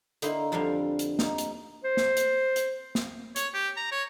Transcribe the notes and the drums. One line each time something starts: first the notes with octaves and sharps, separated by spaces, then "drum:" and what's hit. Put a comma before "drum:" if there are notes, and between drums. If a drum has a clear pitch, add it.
D3 A#3 D#4 E4 B5 C6, drum: hi-hat
F2 D3 F3 G3 D4 F5
drum: hi-hat
D#4, drum: snare
drum: hi-hat
C5
drum: snare
drum: hi-hat
drum: hi-hat
drum: snare
C#5, drum: hi-hat
G4
A#5
C#5